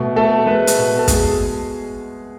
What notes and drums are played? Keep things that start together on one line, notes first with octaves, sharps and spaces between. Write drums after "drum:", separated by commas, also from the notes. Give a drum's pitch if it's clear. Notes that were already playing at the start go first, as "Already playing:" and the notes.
Already playing: B2 A3
A3 A4
G#3 B4
drum: hi-hat
B2
A4
G#3 G#4, drum: kick, hi-hat